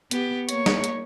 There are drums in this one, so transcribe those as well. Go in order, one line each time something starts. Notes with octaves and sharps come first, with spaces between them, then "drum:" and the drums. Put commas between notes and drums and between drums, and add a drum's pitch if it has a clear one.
B3 G4, drum: hi-hat
A#3 C#5, drum: hi-hat
drum: snare
drum: hi-hat